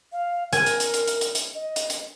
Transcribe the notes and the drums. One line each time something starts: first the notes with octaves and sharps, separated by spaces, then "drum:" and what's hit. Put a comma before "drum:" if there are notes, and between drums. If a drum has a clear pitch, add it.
F5
A#4 G#5, drum: hi-hat
drum: hi-hat
drum: hi-hat
drum: hi-hat
drum: hi-hat
drum: hi-hat
drum: hi-hat
D#5
drum: hi-hat
drum: hi-hat